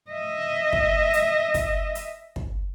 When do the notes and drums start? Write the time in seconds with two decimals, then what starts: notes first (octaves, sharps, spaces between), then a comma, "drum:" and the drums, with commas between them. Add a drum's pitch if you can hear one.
0.11 D#5 E5
0.73 drum: kick
1.13 drum: hi-hat
1.54 drum: kick, hi-hat
1.95 drum: hi-hat
2.36 drum: kick